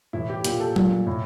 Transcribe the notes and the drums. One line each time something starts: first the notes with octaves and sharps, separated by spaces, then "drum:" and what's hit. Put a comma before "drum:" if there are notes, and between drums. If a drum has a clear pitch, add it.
A2 E3 E4
G4
A#2 G4, drum: hi-hat
A4
A#2, drum: tom F#3
A2